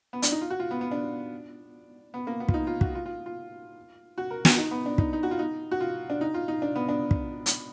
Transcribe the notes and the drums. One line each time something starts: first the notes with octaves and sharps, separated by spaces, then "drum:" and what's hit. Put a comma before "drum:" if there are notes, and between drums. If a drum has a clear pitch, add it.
B3
D4, drum: hi-hat
D#4
F4
F#4
F4
B3
B3
D4
B3
A#3
B3
F4, drum: kick
D#4
F4
F#4, drum: kick
F4
F4
F4
F#4
A#4
F#4, drum: snare
D#4
B3
D4
D#4, drum: kick
D#4
F#4
F4
D#4
F#4
F4
D4
D#4
F4
D#4
D4
B3
D4
drum: kick
drum: hi-hat